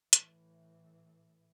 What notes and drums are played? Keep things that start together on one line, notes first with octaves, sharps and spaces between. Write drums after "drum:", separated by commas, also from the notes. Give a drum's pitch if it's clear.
A2 E3, drum: hi-hat